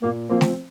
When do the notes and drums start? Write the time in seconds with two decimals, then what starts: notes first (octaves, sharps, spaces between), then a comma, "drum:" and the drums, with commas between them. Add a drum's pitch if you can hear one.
0.02 A#2 A#3
0.29 F3 A#3 C4
0.41 drum: snare A3